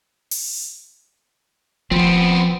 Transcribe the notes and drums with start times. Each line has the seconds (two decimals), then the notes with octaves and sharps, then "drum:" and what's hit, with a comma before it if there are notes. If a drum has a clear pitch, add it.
0.31 drum: open hi-hat
1.91 F3 B3 C4, drum: kick D#1